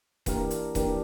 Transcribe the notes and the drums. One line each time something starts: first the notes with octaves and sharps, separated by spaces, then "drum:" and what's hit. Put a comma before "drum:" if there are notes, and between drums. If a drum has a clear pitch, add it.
E3 A#3 D4 G4 A#4, drum: kick D#1, hi-hat
drum: hi-hat
E3 A#3 D4 G4 A#4, drum: kick D#1, hi-hat